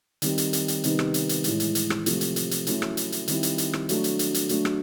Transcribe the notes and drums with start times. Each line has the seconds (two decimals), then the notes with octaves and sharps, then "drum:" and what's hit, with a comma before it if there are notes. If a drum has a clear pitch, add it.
0.22 D#3 G3 C4, drum: hi-hat
0.38 drum: hi-hat
0.53 drum: hi-hat
0.68 drum: hi-hat
0.84 C3 D#3 G3 B3 D#4, drum: hi-hat
0.99 drum: rim click
1.14 drum: hi-hat
1.29 drum: hi-hat
1.44 A2 E3 G#3, drum: hi-hat
1.60 drum: hi-hat
1.75 drum: hi-hat
1.90 drum: rim click
2.06 C3 F3 A3, drum: hi-hat
2.21 drum: hi-hat
2.36 drum: hi-hat
2.51 drum: hi-hat
2.67 F#3 A3 C#4 E4, drum: hi-hat
2.82 drum: rim click
2.97 drum: hi-hat
3.12 drum: hi-hat
3.28 D#3 G3 C4 E4, drum: hi-hat
3.43 drum: hi-hat
3.58 drum: hi-hat
3.73 drum: rim click
3.89 F#3 A3 D4, drum: hi-hat
4.04 drum: hi-hat
4.19 drum: hi-hat
4.34 drum: hi-hat
4.49 F#3 A3 D4, drum: hi-hat
4.65 drum: rim click